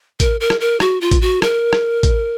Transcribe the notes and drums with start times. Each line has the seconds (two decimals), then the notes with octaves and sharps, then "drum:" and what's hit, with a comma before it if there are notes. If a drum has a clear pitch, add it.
0.20 A#4, drum: kick A1, hi-hat
0.40 A#4
0.50 drum: rim click
0.61 A#4
0.80 F#4, drum: rim click
1.01 F4
1.11 drum: kick A1, hi-hat
1.21 F#4
1.42 A#4, drum: rim click
1.73 drum: rim click
2.03 drum: kick A1, hi-hat